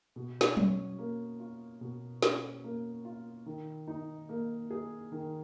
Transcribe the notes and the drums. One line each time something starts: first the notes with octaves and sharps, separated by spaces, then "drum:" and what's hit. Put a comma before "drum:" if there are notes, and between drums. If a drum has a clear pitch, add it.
B2
drum: snare
C#4, drum: tom F#3
A#3
F4
B2
C#4, drum: snare
A#3
F4
D#3
D#4
A#3
G#4
D#3